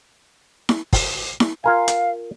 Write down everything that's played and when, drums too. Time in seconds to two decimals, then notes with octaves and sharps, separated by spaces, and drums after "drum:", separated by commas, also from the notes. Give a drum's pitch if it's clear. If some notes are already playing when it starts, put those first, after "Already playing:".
0.69 drum: snare E4
0.93 drum: kick, open hi-hat
1.40 drum: snare E4
1.64 F4 A#4 F5 G#5
1.88 drum: hi-hat